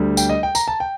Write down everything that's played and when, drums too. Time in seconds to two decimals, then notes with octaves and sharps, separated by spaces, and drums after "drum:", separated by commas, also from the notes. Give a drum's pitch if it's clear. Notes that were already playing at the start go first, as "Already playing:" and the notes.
Already playing: D2 D3 G3
0.17 G5, drum: tambourine
0.29 D#5
0.43 G5
0.55 A#5, drum: tambourine
0.68 A5
0.80 G5